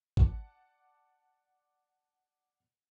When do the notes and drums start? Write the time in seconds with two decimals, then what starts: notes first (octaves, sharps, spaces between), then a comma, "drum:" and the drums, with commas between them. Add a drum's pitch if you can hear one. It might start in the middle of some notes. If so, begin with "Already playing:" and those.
0.17 D5 F#5 A5, drum: kick